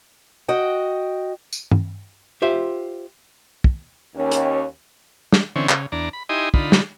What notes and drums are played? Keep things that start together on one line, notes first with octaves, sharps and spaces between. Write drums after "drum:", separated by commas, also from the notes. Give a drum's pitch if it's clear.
F#4 D#5 G5
drum: tambourine
drum: tom
F4 G4 C5 E5
drum: kick
D#2 C#4
drum: hi-hat
drum: snare
D3 E3 C4 C#4
C#3, drum: clap
E2 D4 A#5
B5
D#4 E4 G4 D#5 G#5 C6
D3 D#4 F4 B5, drum: kick
drum: snare